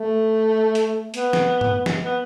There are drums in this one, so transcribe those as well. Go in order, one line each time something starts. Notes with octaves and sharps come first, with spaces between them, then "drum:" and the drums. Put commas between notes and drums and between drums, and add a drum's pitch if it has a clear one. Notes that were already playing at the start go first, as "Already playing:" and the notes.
Already playing: A3
drum: hi-hat
B3, drum: hi-hat
drum: snare
drum: tom G2
drum: snare
B3